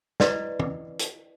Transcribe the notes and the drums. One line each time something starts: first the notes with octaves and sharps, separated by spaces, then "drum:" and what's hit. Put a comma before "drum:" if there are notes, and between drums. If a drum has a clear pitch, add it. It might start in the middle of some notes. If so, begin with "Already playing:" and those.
E4 B4 D5 D#5, drum: snare
drum: tom
drum: hi-hat